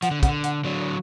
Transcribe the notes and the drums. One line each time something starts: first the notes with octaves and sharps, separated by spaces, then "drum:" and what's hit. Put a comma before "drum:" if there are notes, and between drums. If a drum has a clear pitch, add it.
F3 F#5, drum: hi-hat
D3
C#3
F#5, drum: kick, hi-hat
D3
F#5, drum: hi-hat
D3 F#3 D5
D5